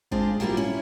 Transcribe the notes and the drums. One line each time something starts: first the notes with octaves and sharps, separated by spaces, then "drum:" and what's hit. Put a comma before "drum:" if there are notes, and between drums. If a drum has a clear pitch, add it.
G#3 C4 D4 F4, drum: kick
F#3 G3 A#3 E4 F4
C#4 E4